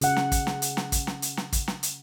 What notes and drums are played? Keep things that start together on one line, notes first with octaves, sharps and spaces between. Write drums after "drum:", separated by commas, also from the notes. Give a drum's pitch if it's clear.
C#3 F#5, drum: hi-hat
drum: snare
drum: kick, hi-hat
drum: snare
drum: hi-hat
drum: snare
drum: kick, hi-hat
drum: snare
drum: hi-hat
drum: snare
drum: kick, hi-hat
drum: snare
drum: hi-hat